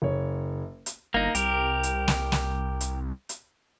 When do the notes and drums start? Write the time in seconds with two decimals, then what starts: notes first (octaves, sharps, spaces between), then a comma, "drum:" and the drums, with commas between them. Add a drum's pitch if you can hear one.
0.02 F#1 C#5
0.86 drum: hi-hat
1.14 G1 A#3 D#4
1.35 C2 G4 A#4, drum: hi-hat
1.83 drum: hi-hat
2.08 drum: snare
2.32 drum: snare
2.81 drum: hi-hat
3.29 drum: hi-hat